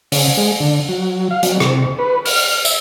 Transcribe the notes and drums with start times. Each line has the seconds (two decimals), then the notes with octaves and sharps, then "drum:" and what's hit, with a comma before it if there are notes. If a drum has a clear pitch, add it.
0.12 C#3, drum: open hi-hat
0.37 G#3
0.60 D3
0.89 F#3
1.31 F5
1.43 F#3, drum: hi-hat
1.60 C3, drum: rim click
1.99 B4
2.25 F6, drum: open hi-hat
2.65 E5, drum: tambourine